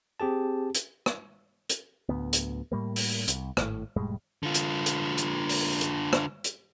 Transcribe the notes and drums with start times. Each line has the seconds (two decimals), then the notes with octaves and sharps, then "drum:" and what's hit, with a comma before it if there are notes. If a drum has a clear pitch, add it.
0.20 C4 G4 G#4 A5
0.75 drum: hi-hat
1.06 drum: rim click
1.70 drum: hi-hat
2.09 D1 G1 D2 B3
2.33 drum: hi-hat
2.72 A2 G3 A#3
2.96 drum: open hi-hat
3.28 C2, drum: hi-hat
3.57 G#1 A2, drum: rim click
3.96 F1 A2 G3 G#3
4.43 D3 F4
4.54 drum: hi-hat
4.86 drum: hi-hat
5.18 drum: hi-hat
5.49 drum: open hi-hat
5.81 drum: hi-hat
6.13 drum: rim click
6.44 drum: hi-hat